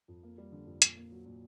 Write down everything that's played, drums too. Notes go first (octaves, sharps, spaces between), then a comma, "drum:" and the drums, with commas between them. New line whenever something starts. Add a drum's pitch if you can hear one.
F2
A#3
G3
D3
F2
A#2, drum: hi-hat
A#3
F#3
A#2